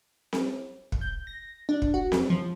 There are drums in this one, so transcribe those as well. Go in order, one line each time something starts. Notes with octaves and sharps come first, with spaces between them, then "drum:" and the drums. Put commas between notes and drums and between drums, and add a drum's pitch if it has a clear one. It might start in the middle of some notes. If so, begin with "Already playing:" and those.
drum: snare C4
drum: kick
G6
A#6
D4
drum: kick
F#4
F2, drum: snare C4
F3